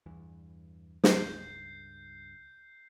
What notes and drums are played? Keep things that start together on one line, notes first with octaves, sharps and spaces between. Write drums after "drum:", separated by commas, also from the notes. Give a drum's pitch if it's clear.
E2 G2 E3
C#2 G2 G6 C7, drum: snare